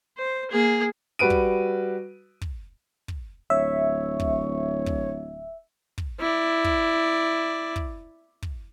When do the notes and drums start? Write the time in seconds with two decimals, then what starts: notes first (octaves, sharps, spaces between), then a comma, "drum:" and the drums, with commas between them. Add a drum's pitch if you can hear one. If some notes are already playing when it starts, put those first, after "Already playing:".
0.18 C5
0.51 A#3 G#4
1.19 G3 F#4 B4 D7 D#7
1.30 drum: kick
2.41 drum: kick
3.08 drum: kick
3.50 D1 C#5 E5
4.20 drum: kick
4.86 drum: kick
5.98 drum: kick
6.20 E4 D5
6.64 drum: kick
7.76 drum: kick
8.42 drum: kick